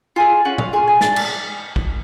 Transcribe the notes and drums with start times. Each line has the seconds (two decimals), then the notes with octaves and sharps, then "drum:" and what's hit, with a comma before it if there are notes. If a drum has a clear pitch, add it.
0.16 F4 G#4 G#5
0.45 C#4 F#5
0.58 F5, drum: tom A#2
0.73 F4 G#4 G#5
0.87 G#5
1.01 D4 A5, drum: snare
1.16 drum: cymbal
1.76 drum: kick